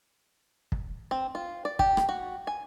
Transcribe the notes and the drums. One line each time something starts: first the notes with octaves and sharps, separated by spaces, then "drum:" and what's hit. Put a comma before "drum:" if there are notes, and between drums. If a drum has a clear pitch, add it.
drum: kick
C4
F4
D5
G4, drum: kick
drum: rim click
F#4
G#5